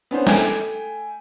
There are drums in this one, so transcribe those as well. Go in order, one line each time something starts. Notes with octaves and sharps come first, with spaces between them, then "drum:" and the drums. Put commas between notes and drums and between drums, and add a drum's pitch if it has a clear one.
B3 C#4 D4 C5
A3 G5 G#5, drum: snare